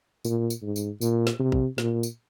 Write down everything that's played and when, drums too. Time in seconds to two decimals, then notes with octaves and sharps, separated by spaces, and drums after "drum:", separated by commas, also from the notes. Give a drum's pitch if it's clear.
0.25 A#2, drum: tambourine
0.50 drum: tambourine
0.63 G#2
0.76 drum: tambourine
1.01 A#2, drum: tambourine
1.27 drum: snare
1.39 C3
1.52 drum: kick A#1
1.78 A#2, drum: snare
2.03 drum: tambourine